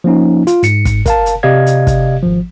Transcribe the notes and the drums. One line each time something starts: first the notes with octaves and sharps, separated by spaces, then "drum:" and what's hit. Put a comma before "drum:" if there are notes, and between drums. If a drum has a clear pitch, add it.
F3 A#3 C#4 D#4
F4, drum: hi-hat
G#2 C#7, drum: hi-hat
drum: kick, hi-hat
A#4 F5 A5, drum: kick, hi-hat
drum: hi-hat
C3 G4 D5 D#5 F5 G#6
drum: hi-hat
drum: kick, hi-hat
G#1 F3